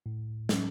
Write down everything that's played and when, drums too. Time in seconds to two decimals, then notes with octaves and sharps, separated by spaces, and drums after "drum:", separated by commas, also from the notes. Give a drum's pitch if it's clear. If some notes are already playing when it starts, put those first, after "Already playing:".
0.06 A2
0.49 F#3 C#4, drum: snare